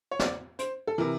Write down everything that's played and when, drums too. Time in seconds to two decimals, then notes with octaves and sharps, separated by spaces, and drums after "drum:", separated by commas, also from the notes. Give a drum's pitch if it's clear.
0.11 C#5
0.19 D5, drum: snare
0.59 C5, drum: hi-hat
0.87 A4
0.98 C3 E3 A#4